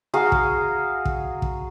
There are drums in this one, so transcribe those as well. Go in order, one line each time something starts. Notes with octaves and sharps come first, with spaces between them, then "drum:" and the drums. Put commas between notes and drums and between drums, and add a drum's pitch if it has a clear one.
F#4 G#4 F5 A#5
drum: kick
drum: kick
drum: kick